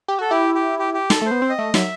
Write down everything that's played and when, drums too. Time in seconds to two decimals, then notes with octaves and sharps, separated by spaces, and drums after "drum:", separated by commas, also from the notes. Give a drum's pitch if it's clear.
0.08 G4
0.19 F#4 A4
0.30 E4 G4
0.55 G4
0.79 G4
0.94 G4
1.10 A4, drum: snare
1.22 A3 C5
1.31 B3
1.42 C4
1.50 D#5
1.59 A3
1.74 F#3 E5, drum: snare